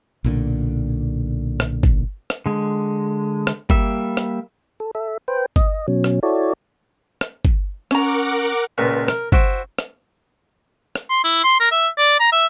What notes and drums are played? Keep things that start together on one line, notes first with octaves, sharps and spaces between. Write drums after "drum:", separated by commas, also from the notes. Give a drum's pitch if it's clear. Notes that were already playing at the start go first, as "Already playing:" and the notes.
B1 A#2 D3
drum: rim click
drum: kick
drum: rim click
D3 G#3
drum: rim click
G3 A#3 E5, drum: kick
drum: rim click
A4
A4 E5
B4 C5 G5
D#5, drum: kick
B2 F#3 C#4
drum: rim click
E4 F#4 A4 C#5 D5
drum: rim click
drum: kick
C#4 A#4 F#5 A#5 D6, drum: rim click
C#2 A#2 B4 C#6
A#4, drum: rim click
E4 F#4 C5 G5, drum: kick
drum: rim click
drum: rim click
C6
E4
C6
A#4
E5
D5
A#5
E5